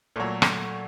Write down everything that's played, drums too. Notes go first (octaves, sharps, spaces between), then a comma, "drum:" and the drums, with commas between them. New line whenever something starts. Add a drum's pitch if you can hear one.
A#2 F#3 A3 A4
drum: rim click